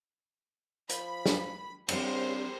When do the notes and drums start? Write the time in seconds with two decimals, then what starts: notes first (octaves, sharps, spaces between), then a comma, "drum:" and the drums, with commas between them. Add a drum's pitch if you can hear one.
0.89 F3 B5, drum: hi-hat
1.26 drum: snare
1.88 C#3 G3 C4 D4 C5, drum: cymbal